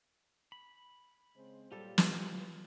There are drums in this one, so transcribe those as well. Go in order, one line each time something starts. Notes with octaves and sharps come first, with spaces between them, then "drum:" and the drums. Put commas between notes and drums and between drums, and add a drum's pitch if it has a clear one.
B5
C#3 G#3 C4 C5
A#2 F#3 G3 F4 G4 A4
drum: snare